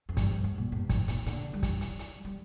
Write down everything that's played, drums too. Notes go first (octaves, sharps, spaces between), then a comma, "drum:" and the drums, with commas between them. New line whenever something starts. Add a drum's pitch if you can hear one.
F2
G2, drum: kick, hi-hat
F2
G2
A#2
G2
G#2, drum: kick, hi-hat
A#2, drum: hi-hat
D3, drum: hi-hat
G3
drum: kick, hi-hat
drum: hi-hat
drum: hi-hat
G3